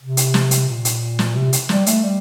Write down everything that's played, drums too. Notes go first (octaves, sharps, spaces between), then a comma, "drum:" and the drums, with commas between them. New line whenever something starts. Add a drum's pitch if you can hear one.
C3
drum: hi-hat
drum: snare
drum: hi-hat
A#2
drum: hi-hat
drum: snare
C3
drum: hi-hat
G3, drum: snare
A3, drum: hi-hat
G3